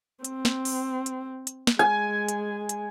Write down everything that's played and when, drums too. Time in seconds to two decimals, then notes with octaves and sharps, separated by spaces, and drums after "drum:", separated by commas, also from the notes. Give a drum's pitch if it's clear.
0.24 C4, drum: hi-hat
0.45 drum: snare
0.65 drum: open hi-hat
1.06 drum: hi-hat
1.47 drum: hi-hat
1.67 drum: snare
1.79 G#3 G#5
2.29 drum: hi-hat
2.69 drum: hi-hat